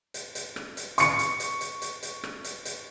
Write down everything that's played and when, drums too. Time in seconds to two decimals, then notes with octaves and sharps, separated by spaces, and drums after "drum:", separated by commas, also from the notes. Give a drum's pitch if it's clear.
0.14 drum: hi-hat
0.35 drum: hi-hat
0.56 drum: rim click
0.77 drum: hi-hat
0.98 C#6 C#7, drum: hi-hat
1.19 drum: hi-hat
1.40 drum: hi-hat
1.61 drum: hi-hat
1.82 drum: hi-hat
2.03 drum: hi-hat
2.24 drum: rim click
2.44 drum: hi-hat
2.65 drum: hi-hat